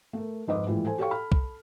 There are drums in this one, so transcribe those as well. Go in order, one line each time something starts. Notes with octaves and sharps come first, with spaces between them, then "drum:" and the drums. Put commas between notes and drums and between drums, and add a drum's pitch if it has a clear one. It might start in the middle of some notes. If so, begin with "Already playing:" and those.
A3 A#4
F2 G#2 B4 D#5 D6
A2 E3 F3 G3 G#3
A4 C5 G#5
G4 A4 C#5 F5 G5 C#6
A4 B5 F6
drum: kick C2